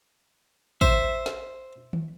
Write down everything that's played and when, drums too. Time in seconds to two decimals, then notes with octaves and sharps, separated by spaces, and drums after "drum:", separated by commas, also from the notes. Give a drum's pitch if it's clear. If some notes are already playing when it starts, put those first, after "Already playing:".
0.81 C5 E5, drum: kick
1.26 drum: snare
1.93 drum: tom D#3